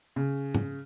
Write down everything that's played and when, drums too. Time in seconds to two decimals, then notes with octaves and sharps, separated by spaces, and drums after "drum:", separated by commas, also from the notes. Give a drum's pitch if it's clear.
0.16 C#3
0.55 drum: tom